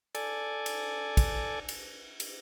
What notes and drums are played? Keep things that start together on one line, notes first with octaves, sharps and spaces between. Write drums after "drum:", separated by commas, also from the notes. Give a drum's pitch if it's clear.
A4 D5 G#5, drum: cymbal
drum: cymbal
drum: kick, cymbal
drum: cymbal
drum: cymbal